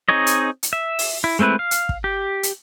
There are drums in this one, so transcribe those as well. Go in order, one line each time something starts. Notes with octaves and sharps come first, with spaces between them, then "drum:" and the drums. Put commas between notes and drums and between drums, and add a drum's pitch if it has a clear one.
C4 D#4 G#4 C#5 D#5
drum: hi-hat
drum: hi-hat
E5
drum: open hi-hat
E4
G#3 A3 C4 E4 B4
F5
drum: hi-hat
drum: kick
G4
drum: hi-hat